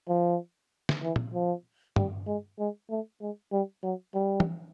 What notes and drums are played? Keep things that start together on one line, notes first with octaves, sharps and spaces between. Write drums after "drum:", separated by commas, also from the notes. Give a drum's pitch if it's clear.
F3
drum: snare
E3
drum: tom A#2
F3
G3, drum: tom
G#3
G#3
A3
G#3
G3
F#3
G3
drum: tom